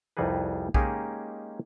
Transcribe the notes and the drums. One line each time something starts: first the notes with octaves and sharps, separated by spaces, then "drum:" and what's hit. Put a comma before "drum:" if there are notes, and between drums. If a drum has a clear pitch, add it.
C2 F2 G3 D#4 G#4 B4
G#3 A#3 C#4 D#4 G4 G#4, drum: kick